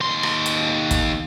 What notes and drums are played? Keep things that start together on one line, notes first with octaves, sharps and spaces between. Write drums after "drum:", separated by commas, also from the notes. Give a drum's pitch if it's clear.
D#2 C6
drum: rim click
drum: hi-hat
drum: kick, hi-hat